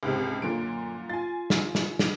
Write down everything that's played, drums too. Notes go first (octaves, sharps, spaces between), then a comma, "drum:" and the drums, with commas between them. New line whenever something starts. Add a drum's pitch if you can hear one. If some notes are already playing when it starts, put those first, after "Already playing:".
C#2 G#2 C3
F#2 A#2 D3 F4 D7
F4 G#5 A6
drum: snare
drum: snare
drum: snare